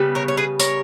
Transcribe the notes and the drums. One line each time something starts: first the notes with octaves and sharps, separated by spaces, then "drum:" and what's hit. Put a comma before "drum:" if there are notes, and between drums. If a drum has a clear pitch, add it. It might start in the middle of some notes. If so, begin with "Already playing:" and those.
Already playing: C#3 G3 B3
A#4 C#5
C#5
G#4 B4
A#4 C#5, drum: tambourine